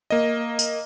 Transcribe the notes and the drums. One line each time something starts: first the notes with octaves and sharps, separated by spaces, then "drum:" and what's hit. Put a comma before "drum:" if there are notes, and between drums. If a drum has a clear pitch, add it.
A#3 D#5
drum: tambourine